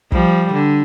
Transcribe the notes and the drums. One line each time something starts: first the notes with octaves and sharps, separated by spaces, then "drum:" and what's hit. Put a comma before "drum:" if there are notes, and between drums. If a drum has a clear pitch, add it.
F3 G3, drum: kick
D3